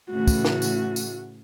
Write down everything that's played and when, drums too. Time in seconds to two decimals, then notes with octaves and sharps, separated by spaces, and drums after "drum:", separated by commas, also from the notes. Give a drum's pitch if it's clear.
0.10 A2 C#3 E3 A3 F#4
0.27 drum: kick, tambourine
0.45 drum: snare
0.62 drum: tambourine
0.96 drum: tambourine